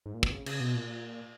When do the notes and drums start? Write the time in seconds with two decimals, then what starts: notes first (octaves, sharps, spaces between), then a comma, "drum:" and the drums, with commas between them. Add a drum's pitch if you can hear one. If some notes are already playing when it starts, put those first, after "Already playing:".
0.06 G#2
0.14 A#2
0.23 B2, drum: kick
0.31 C#3
0.46 C#3, drum: cymbal
0.60 B2
0.75 A#2